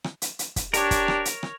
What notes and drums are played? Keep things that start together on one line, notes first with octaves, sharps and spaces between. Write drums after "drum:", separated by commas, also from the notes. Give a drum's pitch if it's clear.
drum: rim click
drum: hi-hat
drum: hi-hat
drum: kick, hi-hat
D4 G4 A#4 C#5, drum: hi-hat
drum: kick, hi-hat
drum: rim click
drum: hi-hat
drum: rim click